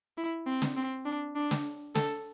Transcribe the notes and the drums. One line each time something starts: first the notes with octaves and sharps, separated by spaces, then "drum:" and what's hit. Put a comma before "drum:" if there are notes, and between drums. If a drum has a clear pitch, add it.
E4
C4
drum: snare
C4
D4
D4
drum: snare
A4, drum: snare